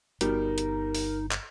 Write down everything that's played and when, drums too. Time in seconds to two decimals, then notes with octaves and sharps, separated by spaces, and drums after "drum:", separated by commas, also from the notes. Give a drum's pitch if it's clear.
0.21 G1 B2 G3 D#4 A#4, drum: hi-hat
0.58 drum: hi-hat
0.95 drum: open hi-hat
1.31 drum: clap